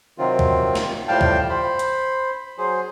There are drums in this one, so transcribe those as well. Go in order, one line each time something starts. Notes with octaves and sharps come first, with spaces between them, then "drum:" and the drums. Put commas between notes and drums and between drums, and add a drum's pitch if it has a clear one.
C3 D#3 F#3 C4 F4
drum: kick
drum: snare
A2 F3 G3 F5 G5 A5
drum: kick
C5 B5
drum: hi-hat
F#3 G#4 C5